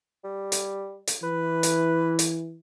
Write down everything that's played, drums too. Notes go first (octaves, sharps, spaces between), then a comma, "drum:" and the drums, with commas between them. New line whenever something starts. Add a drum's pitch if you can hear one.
G3
drum: hi-hat
drum: hi-hat
E3 B4
drum: hi-hat
drum: hi-hat